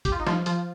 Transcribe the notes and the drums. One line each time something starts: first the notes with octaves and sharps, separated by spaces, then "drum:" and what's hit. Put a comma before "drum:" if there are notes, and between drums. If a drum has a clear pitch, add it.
G4, drum: kick G1, hi-hat
F4
D#4
F3 F4, drum: snare
F3 F4, drum: hi-hat